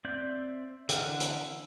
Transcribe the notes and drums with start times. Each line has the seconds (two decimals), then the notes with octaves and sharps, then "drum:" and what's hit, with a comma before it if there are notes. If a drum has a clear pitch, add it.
0.05 C4 D5 E5 G6
0.89 D3 E3 E5 F#5 F6, drum: hi-hat
1.20 drum: hi-hat